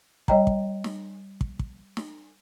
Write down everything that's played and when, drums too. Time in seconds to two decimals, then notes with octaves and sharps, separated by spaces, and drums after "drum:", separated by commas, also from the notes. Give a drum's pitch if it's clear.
0.28 G3 C#5 D#5 G5 A#5, drum: kick
0.47 drum: kick
0.84 drum: snare
1.41 drum: kick
1.59 drum: kick
1.97 drum: snare